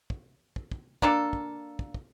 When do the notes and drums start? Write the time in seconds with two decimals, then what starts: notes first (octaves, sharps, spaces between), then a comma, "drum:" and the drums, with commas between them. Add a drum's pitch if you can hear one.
0.10 drum: kick
0.56 drum: kick
0.72 drum: kick
1.02 A#3 D4 A4, drum: kick
1.33 drum: kick
1.79 drum: kick
1.94 drum: kick